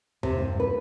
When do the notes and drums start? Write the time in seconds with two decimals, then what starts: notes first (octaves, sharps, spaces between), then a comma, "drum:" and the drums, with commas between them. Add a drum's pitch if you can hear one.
0.23 C3, drum: tom E2
0.38 G2
0.60 B4